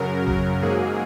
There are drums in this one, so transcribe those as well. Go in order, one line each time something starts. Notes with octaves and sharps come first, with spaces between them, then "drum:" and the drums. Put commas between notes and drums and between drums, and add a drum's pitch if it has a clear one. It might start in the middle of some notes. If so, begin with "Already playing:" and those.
Already playing: F#2 C#3 F#3 A#4
A#4, drum: kick A1
G#2 F#3 A#3 G#4